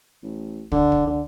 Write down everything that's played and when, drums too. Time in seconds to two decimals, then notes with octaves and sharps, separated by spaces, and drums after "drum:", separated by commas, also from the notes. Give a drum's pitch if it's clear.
0.23 A1
0.72 D3, drum: kick
0.92 drum: kick
1.07 D3